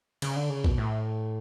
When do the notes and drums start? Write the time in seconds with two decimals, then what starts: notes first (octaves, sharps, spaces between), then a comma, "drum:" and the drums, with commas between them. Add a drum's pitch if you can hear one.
0.22 C#3, drum: cymbal
0.36 D3
0.50 C#3
0.64 B2, drum: kick A#1
0.78 A2